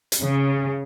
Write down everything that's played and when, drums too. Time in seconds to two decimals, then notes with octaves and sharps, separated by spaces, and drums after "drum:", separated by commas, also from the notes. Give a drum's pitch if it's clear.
0.12 drum: hi-hat
0.22 C#3